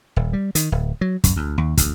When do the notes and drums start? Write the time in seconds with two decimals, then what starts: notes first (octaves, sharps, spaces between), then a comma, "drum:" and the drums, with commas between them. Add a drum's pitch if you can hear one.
0.16 D#1
0.33 G3
0.55 D#3, drum: hi-hat
0.72 D1
1.01 F#3
1.24 F#2, drum: kick, hi-hat
1.36 D2
1.58 D#2
1.77 D2, drum: kick, hi-hat